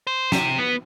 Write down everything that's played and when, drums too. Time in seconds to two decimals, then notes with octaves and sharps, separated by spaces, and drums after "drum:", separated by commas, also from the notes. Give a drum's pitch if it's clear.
0.07 C5
0.32 C3, drum: snare
0.58 B3